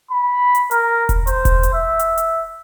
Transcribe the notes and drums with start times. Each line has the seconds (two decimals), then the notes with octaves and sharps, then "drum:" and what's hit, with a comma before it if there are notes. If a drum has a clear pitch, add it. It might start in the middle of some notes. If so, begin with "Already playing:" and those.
0.11 B5
0.55 drum: hi-hat
0.71 A#4, drum: hi-hat
1.09 drum: kick E1, hi-hat
1.27 C5, drum: hi-hat
1.45 drum: kick E1, hi-hat
1.63 drum: hi-hat
1.73 E5
1.99 drum: hi-hat
2.18 drum: hi-hat